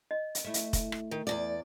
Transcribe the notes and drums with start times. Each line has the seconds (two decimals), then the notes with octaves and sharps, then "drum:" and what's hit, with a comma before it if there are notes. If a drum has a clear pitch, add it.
0.11 D#5
0.35 drum: hi-hat
0.45 A3 E4
0.54 drum: hi-hat
0.73 drum: kick, hi-hat
0.92 drum: rim click
1.11 D#3
1.27 E2 B2 D5